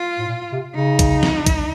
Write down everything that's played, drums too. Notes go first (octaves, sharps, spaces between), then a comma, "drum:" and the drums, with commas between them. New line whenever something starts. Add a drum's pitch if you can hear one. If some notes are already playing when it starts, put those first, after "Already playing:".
Already playing: F4
A2
A#2
C3
C#3 D#4
drum: kick, hi-hat
drum: snare
drum: kick, hi-hat